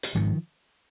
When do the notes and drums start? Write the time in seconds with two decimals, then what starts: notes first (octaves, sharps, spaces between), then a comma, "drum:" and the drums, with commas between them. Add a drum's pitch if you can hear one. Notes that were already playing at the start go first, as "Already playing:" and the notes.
0.03 drum: hi-hat
0.15 G#2 D#3 F3